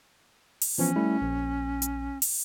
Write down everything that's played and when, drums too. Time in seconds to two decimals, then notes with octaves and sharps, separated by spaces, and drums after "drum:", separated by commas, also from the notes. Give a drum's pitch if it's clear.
0.61 drum: open hi-hat
0.78 E3 F3 B3 C#4
0.96 G3 A3 E4
1.22 A#1
1.82 drum: hi-hat
2.22 drum: open hi-hat